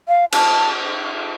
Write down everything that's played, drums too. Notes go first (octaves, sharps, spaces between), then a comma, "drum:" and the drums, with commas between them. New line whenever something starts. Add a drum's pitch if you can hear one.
F5
A5, drum: cymbal